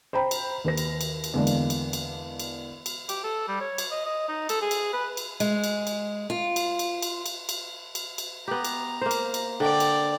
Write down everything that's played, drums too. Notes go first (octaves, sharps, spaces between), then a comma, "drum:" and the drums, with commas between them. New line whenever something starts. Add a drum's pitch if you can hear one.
C5 G5 A#5 B5
drum: cymbal
D#2 B4 A#6
drum: cymbal
drum: cymbal
drum: cymbal
E2 D3 G#3 A#3 D4
drum: cymbal
drum: cymbal
drum: cymbal
drum: cymbal
drum: cymbal
G4, drum: cymbal
A4
G3
C#5
drum: cymbal
D#5
D#5
D#4
A4, drum: cymbal
G#4
drum: cymbal
B4
drum: cymbal
G#3, drum: cymbal
drum: cymbal
drum: cymbal
F4
drum: cymbal
drum: cymbal
drum: cymbal
drum: cymbal
drum: cymbal
drum: cymbal
drum: cymbal
B3 G4 A#5
drum: cymbal
A#3 C5
drum: cymbal
drum: cymbal
D3 D5 G5
drum: cymbal